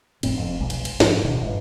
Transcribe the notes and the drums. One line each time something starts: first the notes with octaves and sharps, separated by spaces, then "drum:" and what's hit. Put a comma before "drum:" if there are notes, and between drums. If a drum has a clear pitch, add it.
G1 F2 A2 C4, drum: cymbal
F1 F2
F1 B1 G#3
drum: cymbal
drum: cymbal
G#2 F3, drum: snare
D1 B2 D#3 D4
G1 G#2